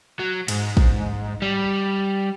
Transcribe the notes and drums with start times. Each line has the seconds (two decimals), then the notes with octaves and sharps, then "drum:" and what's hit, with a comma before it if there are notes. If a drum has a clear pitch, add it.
0.19 F#3
0.48 G#2, drum: cymbal
0.77 drum: kick
1.42 G3